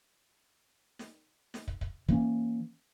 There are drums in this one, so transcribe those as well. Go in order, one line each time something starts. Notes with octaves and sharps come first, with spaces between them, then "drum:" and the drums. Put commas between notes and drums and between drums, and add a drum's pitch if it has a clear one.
drum: snare
drum: snare
drum: kick
drum: kick
E3 A#3 C#4, drum: kick